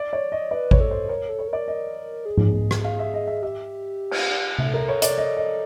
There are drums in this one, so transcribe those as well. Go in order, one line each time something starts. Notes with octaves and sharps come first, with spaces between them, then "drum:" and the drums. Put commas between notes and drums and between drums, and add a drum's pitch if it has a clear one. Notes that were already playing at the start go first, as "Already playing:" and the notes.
Already playing: D5
C#5 D5
C#5 D#5
B4 D5
C#5, drum: kick A1
A4
C5
A#4 C#5
A4
C#5
A#4 D5
D#5
G#4
drum: tom G#2
drum: rim click
F5
E5
D#5
E5
G4 E5
drum: cymbal
A4 E5, drum: tom C3
A#4
C#5
D5, drum: hi-hat
D#5
D#5